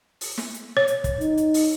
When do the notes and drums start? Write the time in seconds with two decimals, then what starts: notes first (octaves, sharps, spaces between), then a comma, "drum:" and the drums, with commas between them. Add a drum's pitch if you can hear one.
0.21 drum: open hi-hat
0.38 drum: snare
0.54 drum: hi-hat
0.77 C#5
0.87 drum: hi-hat
1.04 drum: kick, hi-hat
1.21 D#4, drum: hi-hat
1.37 drum: hi-hat
1.54 drum: open hi-hat